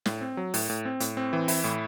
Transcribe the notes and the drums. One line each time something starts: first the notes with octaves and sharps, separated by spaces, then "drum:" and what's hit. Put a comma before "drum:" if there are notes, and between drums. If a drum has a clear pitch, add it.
A2, drum: snare
C4
F#3
A2, drum: open hi-hat
A2
C4
A2, drum: hi-hat
C4
E3
E4, drum: open hi-hat
A2